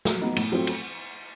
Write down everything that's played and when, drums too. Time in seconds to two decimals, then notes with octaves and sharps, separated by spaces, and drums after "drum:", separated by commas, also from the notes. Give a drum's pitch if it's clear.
0.05 F#3, drum: snare
0.21 B3 D#4
0.36 A2, drum: cymbal
0.52 F#3 A3 C4 F4
0.67 drum: cymbal